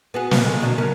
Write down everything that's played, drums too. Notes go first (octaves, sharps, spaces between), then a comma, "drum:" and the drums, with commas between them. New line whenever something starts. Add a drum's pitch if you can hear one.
B3 F#4 G#4
B2 A#3, drum: snare
D3 D#3 G#3
B2 F#3 D4
C#3 F#3 A#3